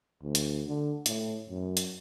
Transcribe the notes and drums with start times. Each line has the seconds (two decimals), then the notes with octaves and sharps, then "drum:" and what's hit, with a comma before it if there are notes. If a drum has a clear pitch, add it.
0.23 D2
0.35 drum: hi-hat
0.67 D3
1.06 A2, drum: hi-hat
1.49 F#2
1.77 drum: hi-hat